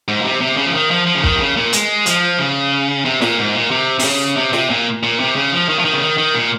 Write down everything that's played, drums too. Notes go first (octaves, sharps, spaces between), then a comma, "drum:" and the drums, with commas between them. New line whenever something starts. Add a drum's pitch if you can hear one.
G#2
A#2
C3
C3
C#3
F3
D#3
F3
F3
C#3
D#3, drum: kick
C3
C#3
A#2
G#3, drum: hi-hat
F3, drum: hi-hat
C#3
C3
A#2, drum: snare
G#2
A#2
C3
C3, drum: open hi-hat
C#3
C3
C3, drum: snare
A#2
A#2
C3
C#3
F3
D#3
F3
D#3
C#3
D#3
D#3
A#2